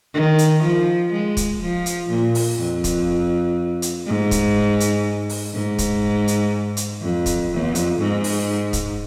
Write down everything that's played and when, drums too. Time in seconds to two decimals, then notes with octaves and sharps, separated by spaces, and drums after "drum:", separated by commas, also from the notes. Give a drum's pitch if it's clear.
0.14 D#3
0.39 drum: hi-hat
0.63 F3
1.12 G#3
1.37 drum: kick C#1, hi-hat
1.62 F3
1.86 drum: hi-hat
2.10 A#2
2.35 drum: open hi-hat
2.59 F2
2.84 drum: kick C#1, hi-hat
3.82 drum: hi-hat
4.06 G#2
4.31 drum: kick C#1, hi-hat
4.80 drum: hi-hat
5.29 drum: open hi-hat
5.54 G#2
5.79 drum: kick C#1, hi-hat
6.28 drum: hi-hat
6.77 drum: hi-hat
7.01 F2
7.26 drum: kick C#1, hi-hat
7.50 F2
7.75 drum: hi-hat
8.00 G#2
8.24 drum: open hi-hat
8.73 drum: kick C#1, hi-hat